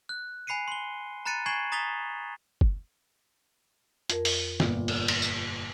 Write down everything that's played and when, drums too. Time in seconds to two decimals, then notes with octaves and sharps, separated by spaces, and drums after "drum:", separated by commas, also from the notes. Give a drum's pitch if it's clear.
0.09 F#6
0.47 G#5 B5 C7 C#7 D#7
0.68 C6 G7
1.25 A#5 B5 F#6 A6 C#7 D#7
1.46 G#5 C#6 G#6 C7 E7 F#7
1.72 A#5 D#6 A6 B6 F7 G7
2.61 drum: kick F#1
4.10 F2 A#4, drum: hi-hat
4.25 drum: open hi-hat
4.60 G1 A#2, drum: snare
4.88 drum: cymbal
5.08 drum: cymbal
5.22 drum: tambourine